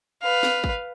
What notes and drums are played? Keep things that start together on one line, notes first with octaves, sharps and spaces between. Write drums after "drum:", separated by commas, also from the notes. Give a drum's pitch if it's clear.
B4 F5
drum: snare
drum: kick